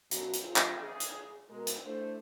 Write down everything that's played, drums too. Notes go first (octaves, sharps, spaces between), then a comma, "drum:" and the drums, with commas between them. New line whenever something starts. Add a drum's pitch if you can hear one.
F#2 B2 F#3, drum: hi-hat
drum: hi-hat
C3 F4 G#4
drum: clap
G#4
drum: hi-hat
B2 G#3 A#4
drum: hi-hat
A3 D4 E4 A4 C5